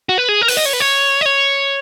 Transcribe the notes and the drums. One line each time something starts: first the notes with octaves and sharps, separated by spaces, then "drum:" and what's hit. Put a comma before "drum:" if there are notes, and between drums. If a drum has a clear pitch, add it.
F#4
B4
G#4
A#4
B4, drum: open hi-hat
D#5
C#5
B4
C#5
D#5
C#5